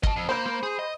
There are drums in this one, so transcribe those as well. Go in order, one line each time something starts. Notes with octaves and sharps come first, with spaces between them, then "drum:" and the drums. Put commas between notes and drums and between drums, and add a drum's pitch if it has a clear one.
D#5 A5, drum: kick
F2
A#3 C5 B5 G6
A#3
G#4
D#5